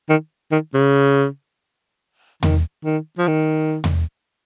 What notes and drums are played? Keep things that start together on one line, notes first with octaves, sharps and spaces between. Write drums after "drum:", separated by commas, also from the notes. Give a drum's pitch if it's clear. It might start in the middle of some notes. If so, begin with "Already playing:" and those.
D#3
D#3
C#3
D#3, drum: tom E2
D#3
F3
D#3
drum: tom E2